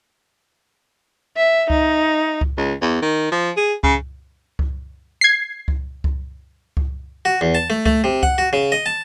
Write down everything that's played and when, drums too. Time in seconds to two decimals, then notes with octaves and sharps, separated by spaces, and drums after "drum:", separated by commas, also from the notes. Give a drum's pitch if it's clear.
1.37 E5
1.70 D#4, drum: kick C#2
2.41 drum: kick C#2
2.57 C#2
2.82 E2
3.02 D#3
3.32 F3
3.57 G#4
3.84 C#3, drum: kick C#2
4.59 drum: kick C#2
5.21 G#6 C7
5.68 drum: kick C#2
6.04 drum: kick C#2
6.77 drum: kick C#2
7.25 F#4
7.41 E2
7.55 A5
7.70 A3
7.86 A3, drum: kick C#2
8.04 C3
8.23 F#5, drum: kick C#2
8.38 F#4
8.53 C#3
8.72 D#5
8.86 A5